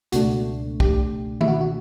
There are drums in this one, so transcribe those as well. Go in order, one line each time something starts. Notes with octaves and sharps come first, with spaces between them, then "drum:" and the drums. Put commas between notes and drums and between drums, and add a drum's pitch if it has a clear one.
C#2 B2 A3 D4 F#4, drum: hi-hat
G4, drum: kick
E4, drum: tom D#3
F#4
F#4